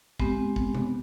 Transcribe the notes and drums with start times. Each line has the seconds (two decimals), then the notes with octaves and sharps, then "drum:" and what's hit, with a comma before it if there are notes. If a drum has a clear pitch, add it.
0.20 G#3 B3 C4 G4, drum: kick
0.56 drum: kick
0.75 drum: tom